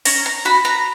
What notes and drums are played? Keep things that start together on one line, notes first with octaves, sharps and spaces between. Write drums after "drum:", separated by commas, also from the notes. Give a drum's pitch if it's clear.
C#4 A#5, drum: open hi-hat
A#5
F#4 B5
A#5